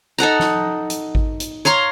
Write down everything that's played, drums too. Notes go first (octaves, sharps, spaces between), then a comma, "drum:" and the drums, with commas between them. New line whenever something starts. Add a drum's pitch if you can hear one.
D#4 A4 F#5 A#5
drum: snare
drum: hi-hat
drum: kick G#1
drum: hi-hat
C#5 F5 A#5 C6